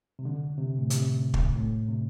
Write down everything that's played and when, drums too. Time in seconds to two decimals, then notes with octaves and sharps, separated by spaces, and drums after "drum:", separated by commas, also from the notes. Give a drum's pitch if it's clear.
0.19 C3
0.25 D3
0.58 C3
0.78 A2
0.90 C3, drum: hi-hat
1.34 drum: kick
1.56 A2
1.88 C3